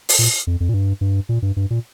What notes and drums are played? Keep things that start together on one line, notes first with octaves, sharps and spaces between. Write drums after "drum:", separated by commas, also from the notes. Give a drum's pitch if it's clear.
drum: open hi-hat
A#2
F2
F2
A#2
G2
G2
A#2
G2
G2
A#2